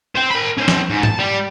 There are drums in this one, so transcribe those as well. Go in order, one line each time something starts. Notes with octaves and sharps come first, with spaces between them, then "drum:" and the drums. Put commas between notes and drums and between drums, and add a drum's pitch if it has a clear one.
C5 G5
A#4 B5
C#4 C5
drum: snare
G#2
A5, drum: tom G#2
G3